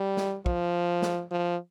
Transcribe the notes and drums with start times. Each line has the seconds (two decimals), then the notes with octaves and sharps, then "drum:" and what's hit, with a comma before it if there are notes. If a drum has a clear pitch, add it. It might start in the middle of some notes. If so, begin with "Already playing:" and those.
Already playing: G3
0.17 drum: snare
0.46 F3, drum: kick
1.02 drum: snare
1.31 F3